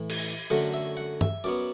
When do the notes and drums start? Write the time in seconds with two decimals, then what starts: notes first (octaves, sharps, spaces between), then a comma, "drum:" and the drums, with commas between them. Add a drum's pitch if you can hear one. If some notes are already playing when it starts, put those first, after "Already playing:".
Already playing: A2 E3
0.09 drum: cymbal
0.50 F#2 D3 F#3 A3 F#5
0.74 E5
0.97 F#5
1.21 E5, drum: tom
1.44 F#2 F#3 B3 D5